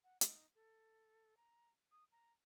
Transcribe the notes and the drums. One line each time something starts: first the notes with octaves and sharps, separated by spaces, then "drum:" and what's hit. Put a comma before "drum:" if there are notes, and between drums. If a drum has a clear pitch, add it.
F#5
D#4, drum: hi-hat
A4
A#5
D#6
A#5